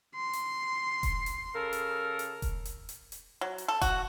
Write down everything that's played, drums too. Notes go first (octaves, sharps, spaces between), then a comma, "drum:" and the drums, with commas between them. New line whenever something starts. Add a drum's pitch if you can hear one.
C6
drum: hi-hat
drum: kick E1, hi-hat
drum: hi-hat
C#3 A4 A#4
drum: hi-hat
drum: hi-hat
drum: kick E1, hi-hat
drum: hi-hat
drum: hi-hat
drum: hi-hat
F#3
drum: hi-hat
A4
F#4, drum: kick E1, hi-hat